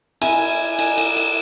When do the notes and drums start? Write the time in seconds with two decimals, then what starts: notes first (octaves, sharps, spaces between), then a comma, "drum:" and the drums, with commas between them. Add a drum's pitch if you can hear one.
0.22 E4 G#5, drum: cymbal
0.79 drum: cymbal
0.98 drum: cymbal
1.17 drum: cymbal